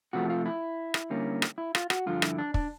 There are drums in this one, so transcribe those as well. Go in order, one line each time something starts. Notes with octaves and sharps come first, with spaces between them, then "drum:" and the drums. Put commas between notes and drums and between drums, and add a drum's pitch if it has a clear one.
C3 F3 A3 F#4
F4
E4
drum: rim click
D3 G3 A#3 C#4
drum: rim click
E4
F4, drum: rim click
F#4, drum: rim click
G2 D3 F3 F4
E4, drum: rim click
D4
D4, drum: kick